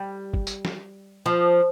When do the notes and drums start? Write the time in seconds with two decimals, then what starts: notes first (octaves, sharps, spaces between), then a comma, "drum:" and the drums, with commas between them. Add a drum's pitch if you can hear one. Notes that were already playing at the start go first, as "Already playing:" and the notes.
Already playing: G3
0.34 drum: kick
0.47 drum: tambourine
0.65 drum: snare
1.26 F3